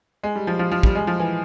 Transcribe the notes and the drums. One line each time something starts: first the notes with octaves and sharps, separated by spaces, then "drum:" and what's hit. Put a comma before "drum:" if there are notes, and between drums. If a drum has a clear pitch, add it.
G#3
G3
F3
F3
F3
G3, drum: kick
G#3
F3
E3